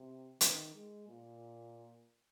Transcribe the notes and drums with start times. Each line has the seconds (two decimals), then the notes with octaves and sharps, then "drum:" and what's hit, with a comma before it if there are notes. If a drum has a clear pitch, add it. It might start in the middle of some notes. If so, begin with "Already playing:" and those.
Already playing: C3
0.41 D#3, drum: hi-hat
0.74 G#3
1.08 A#2